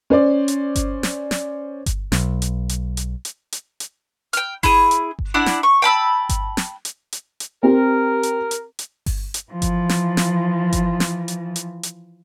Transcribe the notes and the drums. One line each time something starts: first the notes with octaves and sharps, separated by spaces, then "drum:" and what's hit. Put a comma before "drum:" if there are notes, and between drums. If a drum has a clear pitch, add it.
C#4 C5 D5
drum: hi-hat
drum: kick G1, hi-hat
drum: snare
drum: snare
drum: kick G1, hi-hat
B1, drum: snare
drum: hi-hat
drum: hi-hat
drum: hi-hat
drum: hi-hat
drum: hi-hat
drum: hi-hat
G5 F6, drum: hi-hat
E4 G#4, drum: kick G1, open hi-hat
drum: hi-hat
drum: kick G1
D4 E4 D5 F#5
drum: snare
C#6
G5 A5 B5 E6
drum: kick G1, hi-hat
drum: snare
drum: hi-hat
drum: hi-hat
drum: hi-hat
C4 G4 A#4
drum: hi-hat
drum: hi-hat
drum: hi-hat
drum: kick G1, open hi-hat
drum: hi-hat
E3 F3
drum: kick G1, hi-hat
drum: snare
drum: snare
drum: kick G1, hi-hat
drum: snare
drum: hi-hat
drum: hi-hat
drum: hi-hat